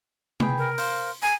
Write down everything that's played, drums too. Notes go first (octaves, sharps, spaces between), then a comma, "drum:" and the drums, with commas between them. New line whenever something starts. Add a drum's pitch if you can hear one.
G#4 B4 G5, drum: tom C3
A#4
C5 F5, drum: open hi-hat
G#5 A#5